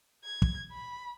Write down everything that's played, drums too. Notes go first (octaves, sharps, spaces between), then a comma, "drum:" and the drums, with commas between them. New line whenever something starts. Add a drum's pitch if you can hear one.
G#6
drum: kick
B5